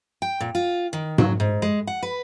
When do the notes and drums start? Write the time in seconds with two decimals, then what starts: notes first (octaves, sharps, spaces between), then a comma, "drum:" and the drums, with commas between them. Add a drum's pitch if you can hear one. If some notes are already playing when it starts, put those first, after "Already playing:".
0.22 G5
0.41 A#2
0.55 F4
0.93 D#3
1.18 F#3, drum: tom G#2
1.40 G#2
1.62 G#3
1.87 F#5
2.03 B4